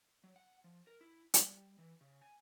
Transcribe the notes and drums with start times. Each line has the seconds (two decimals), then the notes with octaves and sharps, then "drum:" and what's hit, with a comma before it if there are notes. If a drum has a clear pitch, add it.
0.24 F#3
0.36 F#5
0.64 F3
0.87 A#4
1.01 E4
1.34 G3, drum: hi-hat
1.78 E3
2.01 C#3
2.21 G#5